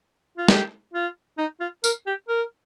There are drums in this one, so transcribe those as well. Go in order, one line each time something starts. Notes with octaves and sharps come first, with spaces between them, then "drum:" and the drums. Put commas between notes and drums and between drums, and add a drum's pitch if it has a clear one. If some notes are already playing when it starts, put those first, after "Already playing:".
F4
G4, drum: snare
F4
D#4
F4
A#4, drum: tambourine
G4
A#4